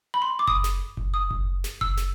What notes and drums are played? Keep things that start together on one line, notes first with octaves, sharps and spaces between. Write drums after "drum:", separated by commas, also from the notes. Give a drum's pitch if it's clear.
B5
C6
D6
D#6, drum: kick F#1
drum: snare
drum: kick F#1
D#6
drum: kick F#1
drum: snare
E6, drum: kick F#1
drum: snare